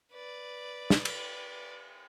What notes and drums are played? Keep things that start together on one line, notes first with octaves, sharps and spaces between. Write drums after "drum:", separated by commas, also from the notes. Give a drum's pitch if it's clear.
B4 D5
drum: snare
drum: cymbal